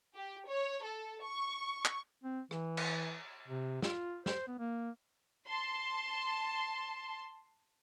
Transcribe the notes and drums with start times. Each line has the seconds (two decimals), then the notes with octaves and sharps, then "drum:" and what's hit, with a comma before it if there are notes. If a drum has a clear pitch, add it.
0.15 G4
0.49 C#5
0.83 A4
1.23 C#6
1.85 drum: clap
2.23 C4
2.51 E3, drum: rim click
2.77 drum: cymbal
3.48 C3
3.82 F4, drum: snare
4.26 C5, drum: snare
4.47 B3
4.59 A#3
5.46 A5 C6